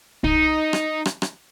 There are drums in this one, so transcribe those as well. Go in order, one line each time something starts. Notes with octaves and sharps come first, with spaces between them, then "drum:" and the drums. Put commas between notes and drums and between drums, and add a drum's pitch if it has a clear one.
D#4, drum: kick
drum: rim click
drum: rim click
drum: rim click